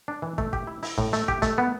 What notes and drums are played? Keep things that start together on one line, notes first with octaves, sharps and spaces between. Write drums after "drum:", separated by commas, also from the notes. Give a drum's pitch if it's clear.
D4
E3
A3, drum: kick
G4, drum: kick
E4
E4, drum: open hi-hat
A2, drum: kick
A3, drum: hi-hat
G4, drum: kick
A3, drum: kick, hi-hat
B3